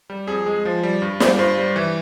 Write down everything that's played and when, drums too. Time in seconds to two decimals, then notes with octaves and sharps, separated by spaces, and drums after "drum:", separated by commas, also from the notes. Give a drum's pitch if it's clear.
0.10 G3
0.27 F2 G#4
0.46 G#3
0.65 F3
0.83 G3
1.02 G2
1.20 G3, drum: snare
1.38 G2 C5
1.58 G3
1.76 E3